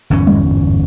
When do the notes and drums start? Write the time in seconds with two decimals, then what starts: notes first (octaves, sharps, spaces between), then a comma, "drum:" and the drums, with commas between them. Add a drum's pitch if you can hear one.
0.10 G1 E2 G#2 C#4
0.27 drum: tom G3